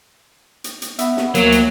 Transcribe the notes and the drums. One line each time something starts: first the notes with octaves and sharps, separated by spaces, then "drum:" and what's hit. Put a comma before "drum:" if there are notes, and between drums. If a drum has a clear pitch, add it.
drum: hi-hat
drum: hi-hat
B3 E5, drum: hi-hat
drum: snare
D2 F#3 A#3, drum: hi-hat
drum: hi-hat